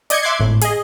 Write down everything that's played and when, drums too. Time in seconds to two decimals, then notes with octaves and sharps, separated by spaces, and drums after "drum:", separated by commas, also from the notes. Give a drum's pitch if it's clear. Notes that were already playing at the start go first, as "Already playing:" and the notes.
0.10 D5 D#5 G6 G#6 C#7, drum: hi-hat
0.22 E5 C6 D6 F#6 G#6 C7
0.39 G#1 A2
0.61 G#4 D#5, drum: hi-hat